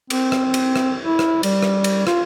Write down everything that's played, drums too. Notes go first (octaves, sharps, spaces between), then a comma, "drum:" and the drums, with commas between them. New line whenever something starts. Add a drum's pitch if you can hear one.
C4, drum: cymbal
drum: rim click
drum: cymbal
drum: rim click
E4
drum: rim click
G3, drum: cymbal
drum: rim click
drum: cymbal
F4, drum: rim click